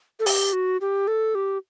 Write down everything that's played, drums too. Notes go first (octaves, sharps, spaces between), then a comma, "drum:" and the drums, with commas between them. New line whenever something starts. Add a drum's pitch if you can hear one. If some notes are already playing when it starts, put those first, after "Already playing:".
A4
G4, drum: open hi-hat
F#4
G4
A4
G4